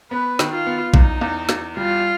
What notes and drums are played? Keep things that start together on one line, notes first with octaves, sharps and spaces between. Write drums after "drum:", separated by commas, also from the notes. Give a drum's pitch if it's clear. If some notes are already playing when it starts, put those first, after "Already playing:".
B3 B4
D#3, drum: snare
F4
B3
E2 D#4, drum: kick A#1
E2
E2, drum: snare
G3 F4